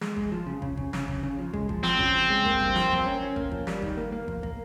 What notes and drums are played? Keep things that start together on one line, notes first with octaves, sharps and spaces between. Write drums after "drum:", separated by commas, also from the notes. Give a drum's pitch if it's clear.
G#3, drum: snare
G#3, drum: kick
F3
C#3
C#3, drum: kick
C#3, drum: kick
C#3, drum: snare
C#3, drum: kick
C#3
F3
G#3, drum: kick
F3, drum: kick
F3 C4, drum: snare
C#3, drum: kick
F3
G#3
A#3, drum: kick
G2, drum: kick
F3, drum: snare
A#3, drum: kick
C#4
C#4
A#3, drum: kick
F3, drum: kick
G3, drum: snare
D#3, drum: kick
A#3
A#3
F2, drum: kick
A#3, drum: kick